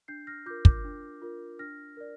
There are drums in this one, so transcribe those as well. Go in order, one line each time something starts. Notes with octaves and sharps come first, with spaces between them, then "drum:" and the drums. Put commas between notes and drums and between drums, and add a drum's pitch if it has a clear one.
D4 G6 C7
F6 A#6
F4 A#4 D6 G6
D6 G6, drum: kick
D4
F4 A#4
D4 F6 A#6
A#4 D5